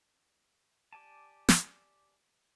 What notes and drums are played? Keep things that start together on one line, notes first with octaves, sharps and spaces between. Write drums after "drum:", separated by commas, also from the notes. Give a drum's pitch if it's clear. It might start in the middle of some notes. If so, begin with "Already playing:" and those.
G4 D5 G#5 A5
drum: snare